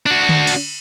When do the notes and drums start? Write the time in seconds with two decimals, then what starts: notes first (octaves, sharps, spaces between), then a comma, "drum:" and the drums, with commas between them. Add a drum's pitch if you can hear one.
0.06 D4 F#4
0.29 drum: tom D3
0.47 drum: cymbal